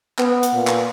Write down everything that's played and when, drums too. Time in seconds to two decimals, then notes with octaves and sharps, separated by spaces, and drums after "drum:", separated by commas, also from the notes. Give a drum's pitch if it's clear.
0.19 B3, drum: clap
0.43 drum: hi-hat
0.54 A#2
0.67 drum: clap